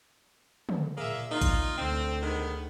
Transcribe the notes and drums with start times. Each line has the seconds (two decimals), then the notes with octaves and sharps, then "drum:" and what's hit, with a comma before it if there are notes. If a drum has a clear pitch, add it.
0.69 drum: tom
0.97 A#2 A#3 G#4 E5
1.32 D#4 F4
1.42 drum: kick A1, hi-hat
1.78 D2 C4
2.22 D#3 G#3 B3